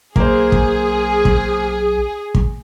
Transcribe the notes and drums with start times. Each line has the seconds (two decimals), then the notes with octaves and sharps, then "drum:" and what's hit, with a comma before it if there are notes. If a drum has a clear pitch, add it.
0.16 B1 A#3 G#4 C5, drum: kick
0.52 drum: kick
1.25 drum: kick
2.35 drum: kick